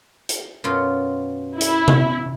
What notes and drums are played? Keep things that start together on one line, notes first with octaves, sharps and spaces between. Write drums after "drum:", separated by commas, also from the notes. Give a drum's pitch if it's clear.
drum: hi-hat
F#2 B2 F4
E4, drum: hi-hat
drum: tom C3